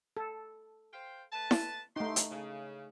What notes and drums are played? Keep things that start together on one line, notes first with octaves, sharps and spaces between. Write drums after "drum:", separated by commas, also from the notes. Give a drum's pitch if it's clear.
A4
C5 F5 G5
A3 B4 A5
drum: snare E4
A3 D#4 G4 C5 C6
drum: hi-hat
C#3